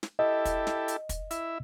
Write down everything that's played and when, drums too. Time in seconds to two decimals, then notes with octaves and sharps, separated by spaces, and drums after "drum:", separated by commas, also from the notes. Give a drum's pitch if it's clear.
0.03 drum: snare
0.19 E4 G4 A4 D#5
0.45 drum: kick, hi-hat
0.67 drum: snare
0.88 drum: hi-hat
1.09 drum: kick, hi-hat
1.31 E4 E5, drum: hi-hat